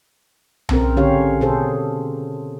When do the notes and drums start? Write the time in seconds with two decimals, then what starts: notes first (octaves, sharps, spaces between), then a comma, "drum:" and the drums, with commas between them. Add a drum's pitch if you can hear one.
0.69 C#3 C4 A#4, drum: tom B1
0.97 D3 C#4 G4 C#5 F5
1.41 B2 G#4 A4 C5